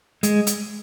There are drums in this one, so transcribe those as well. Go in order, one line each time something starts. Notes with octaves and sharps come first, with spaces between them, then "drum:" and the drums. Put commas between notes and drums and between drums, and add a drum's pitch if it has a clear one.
G#3, drum: hi-hat
drum: hi-hat